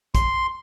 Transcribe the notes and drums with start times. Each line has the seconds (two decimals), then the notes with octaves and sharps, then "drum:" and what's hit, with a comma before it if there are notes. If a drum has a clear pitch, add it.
0.15 C6, drum: kick, hi-hat